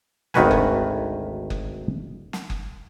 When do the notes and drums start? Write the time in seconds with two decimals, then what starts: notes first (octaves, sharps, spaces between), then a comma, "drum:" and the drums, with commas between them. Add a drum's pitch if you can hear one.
0.34 G#1 D2 D#3 F#4 B4 G#5, drum: snare
0.51 drum: kick F#1
1.50 drum: kick F#1
2.33 drum: snare
2.50 drum: kick F#1